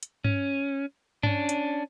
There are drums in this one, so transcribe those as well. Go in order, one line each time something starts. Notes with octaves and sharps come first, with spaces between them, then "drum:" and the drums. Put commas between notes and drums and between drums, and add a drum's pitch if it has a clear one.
drum: hi-hat
C#4, drum: tom G2
C#4 D4, drum: tom G2
drum: hi-hat